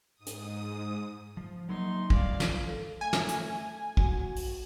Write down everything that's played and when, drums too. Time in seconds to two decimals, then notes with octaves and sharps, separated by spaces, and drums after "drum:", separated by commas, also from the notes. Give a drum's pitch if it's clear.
0.14 G#2 D#6
0.26 drum: hi-hat
1.37 F3
1.69 F#3 A#3 D#4 C6
2.10 G#2 F3 G3 D5 F5, drum: kick
2.40 drum: snare
2.67 A4
3.01 A3 G#5
3.13 drum: snare
3.28 drum: hi-hat
3.97 F#4, drum: kick
4.36 drum: open hi-hat